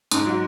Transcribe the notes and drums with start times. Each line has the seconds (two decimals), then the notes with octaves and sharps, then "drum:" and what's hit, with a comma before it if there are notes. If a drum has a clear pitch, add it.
0.11 G#2, drum: hi-hat
0.26 F#3